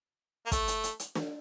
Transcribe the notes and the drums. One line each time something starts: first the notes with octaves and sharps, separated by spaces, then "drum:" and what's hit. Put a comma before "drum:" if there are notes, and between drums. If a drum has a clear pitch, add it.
A#3
A3, drum: kick, hi-hat
drum: hi-hat
drum: hi-hat
drum: hi-hat
drum: snare